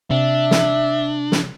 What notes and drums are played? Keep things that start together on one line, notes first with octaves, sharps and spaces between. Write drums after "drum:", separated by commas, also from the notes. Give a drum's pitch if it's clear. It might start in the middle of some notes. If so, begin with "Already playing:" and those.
C3 D4 E5
drum: snare
drum: snare